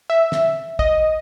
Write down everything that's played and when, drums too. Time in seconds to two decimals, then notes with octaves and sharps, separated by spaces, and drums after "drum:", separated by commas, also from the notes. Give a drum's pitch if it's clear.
0.10 E5
0.32 drum: snare
0.79 D#5, drum: kick